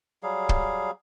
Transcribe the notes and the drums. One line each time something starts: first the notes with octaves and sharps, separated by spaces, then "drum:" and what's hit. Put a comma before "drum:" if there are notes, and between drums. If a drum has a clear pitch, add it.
F#3 G3 G#4 F5
drum: kick